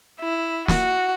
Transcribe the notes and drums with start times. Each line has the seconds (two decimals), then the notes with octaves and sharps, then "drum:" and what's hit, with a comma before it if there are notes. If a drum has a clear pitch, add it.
0.21 E4
0.68 F#4, drum: snare